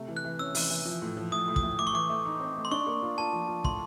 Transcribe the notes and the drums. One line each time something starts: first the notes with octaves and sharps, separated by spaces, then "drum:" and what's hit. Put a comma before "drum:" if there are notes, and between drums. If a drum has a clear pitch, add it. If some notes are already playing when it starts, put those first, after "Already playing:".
Already playing: C3 A3
E3
F#6
E3
C#4 E6
E3, drum: open hi-hat
E3
F3
A2
F3
A2 D#6
A2
D#6, drum: kick
A2
A3 D6
C#6
E3 D6
A3
D#4
C4
A3
C6
D4 C#6
A#3
F4
F4 A5
F3
F4
A2 C6, drum: kick